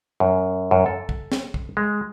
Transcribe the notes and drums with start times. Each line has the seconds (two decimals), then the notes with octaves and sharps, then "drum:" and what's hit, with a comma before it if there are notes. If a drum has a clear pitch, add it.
0.20 F#2
0.71 F#2
0.86 A4
1.09 drum: kick
1.32 drum: snare
1.54 drum: kick
1.77 G#3